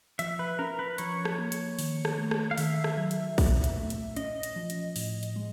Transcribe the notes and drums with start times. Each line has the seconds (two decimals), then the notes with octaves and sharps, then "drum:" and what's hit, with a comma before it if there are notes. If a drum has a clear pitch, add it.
0.19 F3 E5, drum: hi-hat
0.39 B4
0.59 C#4 A#4
0.79 B4
0.98 F3 C#5, drum: hi-hat
1.25 drum: rim click
1.39 A#3
1.52 drum: hi-hat
1.79 D#3, drum: open hi-hat
2.05 drum: rim click
2.18 A3
2.31 drum: rim click
2.51 F5
2.58 D#3 E5, drum: open hi-hat
2.84 drum: rim click
2.97 F#3
3.11 drum: hi-hat
3.38 A#2, drum: kick A#1, open hi-hat
3.64 drum: hi-hat
3.77 A3
3.90 drum: hi-hat
4.16 C#4 D#5, drum: hi-hat
4.43 drum: hi-hat
4.56 F3
4.70 drum: hi-hat
4.96 A2, drum: open hi-hat
5.23 drum: hi-hat
5.36 G#3